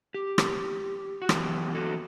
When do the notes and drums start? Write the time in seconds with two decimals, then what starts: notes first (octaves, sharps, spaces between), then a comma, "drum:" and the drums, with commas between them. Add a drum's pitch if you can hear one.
0.14 G4
0.38 drum: rim click
1.22 F#4
1.29 F#2 E3 B3 G4, drum: rim click
1.74 F#4 A4